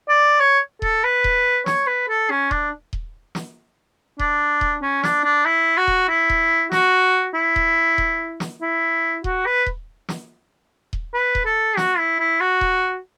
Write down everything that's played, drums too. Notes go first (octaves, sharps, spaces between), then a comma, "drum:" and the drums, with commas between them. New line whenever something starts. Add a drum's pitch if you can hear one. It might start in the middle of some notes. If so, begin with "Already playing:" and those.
D5
C#5
A4, drum: kick D#1
B4
drum: kick D#1
C#5, drum: snare
B4
A4
C#4
D4, drum: kick D#1
drum: kick D#1
drum: snare
D4, drum: kick D#1
drum: kick D#1
C#4
D4, drum: snare
D4
E4
F#4
drum: kick D#1
E4
drum: kick D#1
F#4, drum: snare
E4
drum: kick D#1
drum: kick D#1
drum: snare
E4
F#4, drum: kick D#1
B4
drum: kick D#1
drum: snare
drum: kick D#1
B4
drum: kick D#1
A4
F#4, drum: snare
E4
E4
F#4
drum: kick D#1